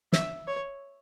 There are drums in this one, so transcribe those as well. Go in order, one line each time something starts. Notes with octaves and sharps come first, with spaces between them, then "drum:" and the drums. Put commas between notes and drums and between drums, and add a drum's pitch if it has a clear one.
E5, drum: snare
C#5